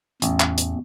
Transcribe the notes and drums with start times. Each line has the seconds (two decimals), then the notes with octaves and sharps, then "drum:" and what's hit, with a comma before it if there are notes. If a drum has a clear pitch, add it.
0.22 A1 E2, drum: hi-hat
0.40 drum: clap
0.58 drum: hi-hat